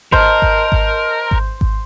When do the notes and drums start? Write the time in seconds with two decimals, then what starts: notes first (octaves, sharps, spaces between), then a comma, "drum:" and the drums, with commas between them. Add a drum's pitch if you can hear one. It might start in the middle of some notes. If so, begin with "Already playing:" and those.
0.12 A#4 C5 D#5 A5 F6, drum: kick G#1
0.42 drum: kick G#1
0.72 drum: kick G#1
1.31 drum: kick G#1
1.61 drum: kick G#1